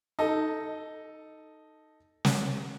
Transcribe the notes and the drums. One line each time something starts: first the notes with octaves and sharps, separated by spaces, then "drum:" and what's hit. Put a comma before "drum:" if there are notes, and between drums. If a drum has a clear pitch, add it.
D#4 A4
drum: snare